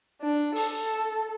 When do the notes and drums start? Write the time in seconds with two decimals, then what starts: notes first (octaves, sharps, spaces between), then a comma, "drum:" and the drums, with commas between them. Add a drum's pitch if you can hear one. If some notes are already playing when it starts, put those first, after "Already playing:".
0.21 D4
0.55 A4, drum: open hi-hat